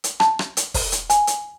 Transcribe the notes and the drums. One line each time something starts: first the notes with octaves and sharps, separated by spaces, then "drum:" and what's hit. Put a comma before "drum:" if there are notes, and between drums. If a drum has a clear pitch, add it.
drum: hi-hat
A5, drum: rim click
drum: rim click
drum: hi-hat
drum: kick, open hi-hat
drum: hi-hat
G#5, drum: hi-hat
drum: hi-hat